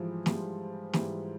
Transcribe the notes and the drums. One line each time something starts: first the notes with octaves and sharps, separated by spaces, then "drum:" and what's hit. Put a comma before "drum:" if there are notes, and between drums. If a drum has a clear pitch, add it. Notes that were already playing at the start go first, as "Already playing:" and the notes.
Already playing: G#2 E3 F3 G3
G#2 E3 G3, drum: snare
G#2 E3 G3, drum: snare